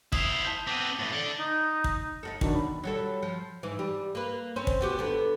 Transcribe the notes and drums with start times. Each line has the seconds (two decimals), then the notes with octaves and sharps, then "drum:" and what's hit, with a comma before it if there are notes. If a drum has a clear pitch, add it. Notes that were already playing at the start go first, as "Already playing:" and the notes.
0.12 E4 C5 D#6 F7, drum: kick
0.43 A5 G6 B6
0.67 B3 C4 D6 D#7
0.99 A2 E3 A6 A#6
1.13 A4 D5
1.39 D#4
1.84 drum: kick
2.23 D#4 F#4 A4
2.41 E2 B2 D#3 F#3 D4, drum: kick
2.55 B5
2.84 F#3 G3 A4
3.23 F3
3.63 G#2 E3
3.79 G3
4.15 A#3 B4
4.56 C4 C#4
4.67 drum: kick
4.81 B3 F#4 G4
4.99 D3 B3